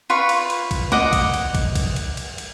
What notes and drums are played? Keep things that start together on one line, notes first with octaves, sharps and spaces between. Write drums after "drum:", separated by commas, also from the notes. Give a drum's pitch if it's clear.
F4 B4 C#6
drum: cymbal
drum: cymbal
drum: kick, cymbal
D#5 F#5 D6, drum: snare
drum: kick, cymbal
drum: cymbal
drum: kick, cymbal
drum: kick, cymbal
drum: cymbal
drum: cymbal
drum: cymbal